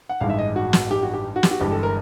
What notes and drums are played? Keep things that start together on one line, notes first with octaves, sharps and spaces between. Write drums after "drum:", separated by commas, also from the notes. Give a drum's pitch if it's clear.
F#5
A1 G2 D#3 G#3 F5
E5
D#5
F#4
drum: snare
G4
F#4
G4
F#4
G4, drum: snare
F#4
G1 G2 E3 G#3 G4
A4
A#4